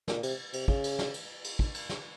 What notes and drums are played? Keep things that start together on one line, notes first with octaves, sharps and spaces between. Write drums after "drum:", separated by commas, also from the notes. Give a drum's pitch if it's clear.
A#2, drum: snare
C3, drum: cymbal
C3, drum: cymbal
C#3, drum: kick
drum: cymbal
drum: snare
drum: cymbal
drum: cymbal
drum: kick
drum: cymbal
drum: snare